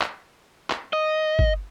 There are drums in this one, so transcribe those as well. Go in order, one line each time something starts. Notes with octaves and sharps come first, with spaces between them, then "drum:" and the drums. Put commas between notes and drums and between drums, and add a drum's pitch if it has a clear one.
drum: clap
drum: clap
D#5
drum: kick